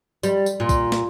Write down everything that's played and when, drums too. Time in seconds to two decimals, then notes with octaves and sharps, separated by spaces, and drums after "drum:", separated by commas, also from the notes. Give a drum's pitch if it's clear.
0.23 G3, drum: tambourine
0.46 drum: tambourine
0.60 A#2
0.69 drum: kick B1, tambourine
0.92 drum: snare